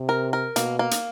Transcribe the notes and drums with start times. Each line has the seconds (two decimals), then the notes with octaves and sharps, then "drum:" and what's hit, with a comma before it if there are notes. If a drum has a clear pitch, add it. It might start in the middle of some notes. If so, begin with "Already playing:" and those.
Already playing: C3
0.09 A#4
0.33 A#4
0.56 B2 A#3, drum: hi-hat
0.79 A#3
0.91 drum: hi-hat